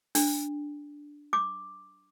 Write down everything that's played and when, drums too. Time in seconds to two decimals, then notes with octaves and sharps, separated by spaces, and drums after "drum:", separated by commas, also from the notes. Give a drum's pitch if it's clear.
0.15 D4, drum: open hi-hat
1.33 D6